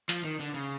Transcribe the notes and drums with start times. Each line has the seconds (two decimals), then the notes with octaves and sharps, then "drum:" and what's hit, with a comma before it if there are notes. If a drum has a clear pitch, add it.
0.09 F3, drum: hi-hat
0.24 D#3
0.40 D3
0.54 C#3